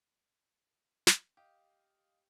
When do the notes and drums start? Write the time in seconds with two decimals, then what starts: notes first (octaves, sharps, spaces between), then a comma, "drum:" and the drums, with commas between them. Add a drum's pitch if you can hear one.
1.07 drum: snare
1.37 G4 D#5 F5 D#6